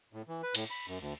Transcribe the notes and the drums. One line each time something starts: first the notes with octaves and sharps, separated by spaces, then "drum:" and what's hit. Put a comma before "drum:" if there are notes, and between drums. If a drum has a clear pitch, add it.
A2
E3
B4
A2, drum: cymbal
B5
F#2
D2